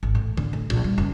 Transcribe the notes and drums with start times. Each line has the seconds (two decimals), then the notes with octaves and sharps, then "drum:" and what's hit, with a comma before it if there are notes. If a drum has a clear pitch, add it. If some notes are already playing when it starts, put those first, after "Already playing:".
0.03 G#1
0.15 A2
0.37 D3, drum: tom D3
0.53 A2
0.70 A#1, drum: kick
0.84 G3
0.98 F#1